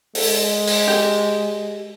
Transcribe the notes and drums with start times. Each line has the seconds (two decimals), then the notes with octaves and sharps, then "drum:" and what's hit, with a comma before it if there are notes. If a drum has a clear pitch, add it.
0.15 G#3, drum: open hi-hat
0.67 drum: open hi-hat
0.88 G4